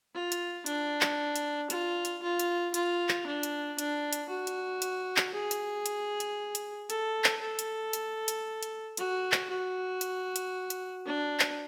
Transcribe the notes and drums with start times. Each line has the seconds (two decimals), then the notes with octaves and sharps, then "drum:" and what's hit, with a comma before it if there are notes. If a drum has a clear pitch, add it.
0.14 F4
0.32 drum: hi-hat
0.66 D4, drum: hi-hat
1.01 drum: clap
1.36 drum: hi-hat
1.70 F4, drum: hi-hat
2.05 drum: hi-hat
2.22 F4
2.39 drum: hi-hat
2.74 F4, drum: hi-hat
3.09 drum: clap
3.26 D4
3.43 drum: hi-hat
3.79 D4, drum: hi-hat
4.13 drum: hi-hat
4.29 F#4
4.47 drum: hi-hat
4.82 drum: hi-hat
5.16 drum: clap
5.34 G#4
5.51 drum: hi-hat
5.86 drum: hi-hat
6.20 drum: hi-hat
6.55 drum: hi-hat
6.90 A4, drum: hi-hat
7.24 drum: clap
7.41 A4
7.59 drum: hi-hat
7.93 drum: hi-hat
8.28 drum: hi-hat
8.63 drum: hi-hat
8.97 F#4, drum: hi-hat
9.32 drum: clap
9.49 F#4
10.01 drum: hi-hat
10.36 drum: hi-hat
10.70 drum: hi-hat
11.06 D4
11.40 drum: clap